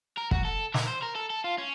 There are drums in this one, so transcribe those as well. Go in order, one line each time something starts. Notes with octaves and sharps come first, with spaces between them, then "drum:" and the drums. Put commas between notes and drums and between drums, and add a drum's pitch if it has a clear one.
A#4
F#4, drum: kick
A4
A#4, drum: snare
C5
A#4
A4
A4
F4
C#4